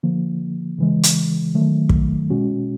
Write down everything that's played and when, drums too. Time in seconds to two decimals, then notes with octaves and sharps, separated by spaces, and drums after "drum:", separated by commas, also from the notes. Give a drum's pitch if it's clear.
0.03 D3 F3 A#3
0.79 C#3 E3 G#3
1.03 drum: hi-hat
1.55 D#3 F#3 A3
1.89 drum: kick
2.30 B2 G#3 C#4 F#4